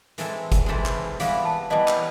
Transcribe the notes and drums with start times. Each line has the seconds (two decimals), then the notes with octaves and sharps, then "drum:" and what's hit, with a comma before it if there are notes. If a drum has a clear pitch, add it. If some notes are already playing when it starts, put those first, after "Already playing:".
0.18 E3 G#3 C4 E4 A4, drum: hi-hat
0.52 drum: kick, hi-hat
0.66 E3 G#3 C4 E4 A4
0.86 drum: clap
1.20 E3 G3 B3 E4 F5, drum: hi-hat
1.45 A5
1.70 E3 G3 B3 E4 D#5
1.88 drum: clap